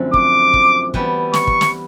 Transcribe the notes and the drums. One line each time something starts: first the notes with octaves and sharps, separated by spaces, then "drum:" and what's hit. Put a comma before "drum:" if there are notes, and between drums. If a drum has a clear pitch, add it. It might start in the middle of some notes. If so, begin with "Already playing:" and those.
Already playing: F#2 D3 F3 A3 C4
D6, drum: kick
drum: kick
E3 G3 B3, drum: kick
C#6, drum: snare
drum: kick
drum: snare